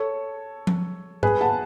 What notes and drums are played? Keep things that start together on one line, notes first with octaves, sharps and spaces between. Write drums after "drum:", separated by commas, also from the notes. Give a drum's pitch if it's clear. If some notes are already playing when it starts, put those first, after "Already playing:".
Already playing: A4 C#5
drum: tom F3
G#4 B4, drum: tom G#2
F#5 A5